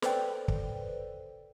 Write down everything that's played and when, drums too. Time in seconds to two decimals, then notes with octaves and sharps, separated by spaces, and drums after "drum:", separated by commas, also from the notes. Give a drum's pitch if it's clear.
0.02 A4 B4 C5 D5 G5, drum: snare
0.48 drum: kick